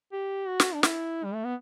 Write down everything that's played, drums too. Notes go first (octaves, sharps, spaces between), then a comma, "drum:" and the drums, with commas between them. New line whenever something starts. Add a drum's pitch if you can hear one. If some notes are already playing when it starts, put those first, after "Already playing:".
G4
F#4
drum: snare
D4
E4, drum: snare
G3
A3
B3